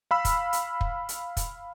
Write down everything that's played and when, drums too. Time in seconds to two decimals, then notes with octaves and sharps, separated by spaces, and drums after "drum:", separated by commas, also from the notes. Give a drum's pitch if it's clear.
0.11 F5 B5 E6
0.25 drum: kick, hi-hat
0.53 drum: hi-hat
0.81 drum: kick
1.09 drum: hi-hat
1.37 drum: kick, hi-hat